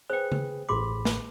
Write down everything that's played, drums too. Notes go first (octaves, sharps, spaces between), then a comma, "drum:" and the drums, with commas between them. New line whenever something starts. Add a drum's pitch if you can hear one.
G#4 B4 C5 G5
drum: tom C#3
A1 A2 G#4 B5 C6 D6
drum: snare